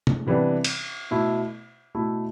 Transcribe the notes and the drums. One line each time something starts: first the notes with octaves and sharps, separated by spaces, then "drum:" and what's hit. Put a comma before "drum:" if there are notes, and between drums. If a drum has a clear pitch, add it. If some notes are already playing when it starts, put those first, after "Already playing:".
drum: tom
C3 E3 G3 B3 D4
drum: cymbal
B2 A3 E4
B2 A3 E4